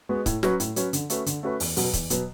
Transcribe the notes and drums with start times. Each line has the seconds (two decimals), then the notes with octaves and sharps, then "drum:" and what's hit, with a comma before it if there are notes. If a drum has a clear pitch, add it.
0.09 G#3 B3 F#4
0.26 A2, drum: kick C#1, hi-hat
0.43 F#3 C#4 F#4 B4, drum: snare
0.60 A2, drum: hi-hat
0.76 F#3 C#4 F#4 B4, drum: hi-hat
0.93 D3, drum: hi-hat
1.10 A3 C#4 F#4 B4, drum: hi-hat
1.26 D3, drum: hi-hat
1.43 A3 C#4 F#4 B4
1.60 E2, drum: open hi-hat
1.76 B2 F#3 B3, drum: open hi-hat
1.93 E2, drum: kick C#1, hi-hat
2.10 B2 F#3 B3, drum: hi-hat